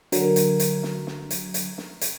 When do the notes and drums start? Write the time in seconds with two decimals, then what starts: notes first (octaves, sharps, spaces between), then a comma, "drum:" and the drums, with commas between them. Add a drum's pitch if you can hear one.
0.12 D3 F#3 A#4, drum: hi-hat
0.36 drum: hi-hat
0.60 drum: hi-hat
0.83 drum: snare
1.07 drum: snare
1.31 drum: hi-hat
1.54 drum: hi-hat
1.78 drum: snare
2.01 drum: hi-hat